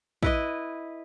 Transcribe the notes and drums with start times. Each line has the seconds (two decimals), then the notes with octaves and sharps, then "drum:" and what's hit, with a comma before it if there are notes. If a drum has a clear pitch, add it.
0.23 E4 B4 D#5, drum: kick